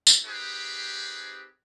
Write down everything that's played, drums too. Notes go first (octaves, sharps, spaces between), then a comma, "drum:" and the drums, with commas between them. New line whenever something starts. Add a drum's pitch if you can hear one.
drum: tambourine
C4 D#4 G4 G#4 B4